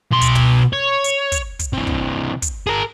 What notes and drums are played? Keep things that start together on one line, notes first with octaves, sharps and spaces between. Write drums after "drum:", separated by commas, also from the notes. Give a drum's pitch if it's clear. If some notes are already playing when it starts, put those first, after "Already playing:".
B2 C6
drum: kick, hi-hat
drum: tom
C#5
drum: hi-hat
drum: kick, hi-hat
drum: kick, hi-hat
C3 E3
drum: kick
drum: kick, hi-hat
G#4 A#4